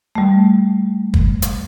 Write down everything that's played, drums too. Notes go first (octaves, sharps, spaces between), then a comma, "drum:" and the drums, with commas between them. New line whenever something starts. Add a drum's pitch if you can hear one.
G3 A3
drum: kick
drum: hi-hat